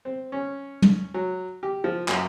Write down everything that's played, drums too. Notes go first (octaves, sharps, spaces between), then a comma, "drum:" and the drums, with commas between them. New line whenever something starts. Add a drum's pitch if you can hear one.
C4
C#4
drum: tom
F#3
G4
F3
F#2, drum: clap